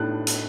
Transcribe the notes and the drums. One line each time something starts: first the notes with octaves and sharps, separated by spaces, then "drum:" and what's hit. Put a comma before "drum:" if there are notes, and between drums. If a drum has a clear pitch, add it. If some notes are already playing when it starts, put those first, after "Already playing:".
Already playing: A2 D4 F#6 A6
drum: hi-hat